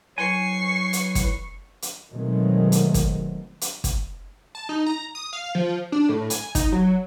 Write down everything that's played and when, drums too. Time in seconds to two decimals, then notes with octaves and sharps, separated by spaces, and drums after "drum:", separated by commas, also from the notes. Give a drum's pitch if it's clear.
0.18 F#3 E4 B4 G#5 C#6 C7
0.93 drum: hi-hat
1.15 drum: kick, hi-hat
1.82 drum: hi-hat
2.13 B2 D#3 F#3 G#3 A3 C4
2.72 drum: hi-hat
2.94 drum: kick, hi-hat
3.61 drum: hi-hat
3.84 drum: kick, hi-hat
4.55 A5
4.69 D#4
4.87 A#5
5.15 D#6
5.33 F5
5.55 F3
5.92 D4
6.09 A2
6.30 G#5, drum: hi-hat
6.55 D#4, drum: kick, hi-hat
6.72 F#3